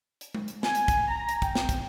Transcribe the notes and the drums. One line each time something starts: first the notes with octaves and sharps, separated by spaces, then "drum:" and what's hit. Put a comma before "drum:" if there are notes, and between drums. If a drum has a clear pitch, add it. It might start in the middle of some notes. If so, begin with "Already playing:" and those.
drum: hi-hat
drum: tom G#3
drum: hi-hat
G#5, drum: snare
drum: hi-hat
drum: kick, hi-hat
A#5
drum: hi-hat
G5, drum: kick, hi-hat
drum: snare
drum: kick, hi-hat